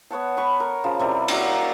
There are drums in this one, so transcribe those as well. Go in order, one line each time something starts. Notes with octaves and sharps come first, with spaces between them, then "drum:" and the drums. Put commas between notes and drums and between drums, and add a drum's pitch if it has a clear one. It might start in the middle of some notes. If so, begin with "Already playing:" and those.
B3 C#5 F#5 A5
B4 B5 C#6
A#4
C#3 F3 A5
C3 G3 E4 A#4
F#3 G3 A#3 E4, drum: cymbal